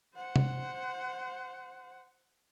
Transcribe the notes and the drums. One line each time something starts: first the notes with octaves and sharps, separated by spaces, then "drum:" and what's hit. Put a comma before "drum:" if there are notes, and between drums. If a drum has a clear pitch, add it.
C5 F#5
drum: tom C3